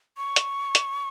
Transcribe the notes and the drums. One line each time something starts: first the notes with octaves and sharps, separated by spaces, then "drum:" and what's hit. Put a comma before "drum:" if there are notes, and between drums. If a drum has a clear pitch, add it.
C#6
drum: hi-hat
drum: hi-hat